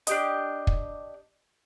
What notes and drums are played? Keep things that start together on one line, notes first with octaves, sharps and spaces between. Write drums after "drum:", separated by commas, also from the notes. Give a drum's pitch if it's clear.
D4 G4 D#5, drum: hi-hat
drum: kick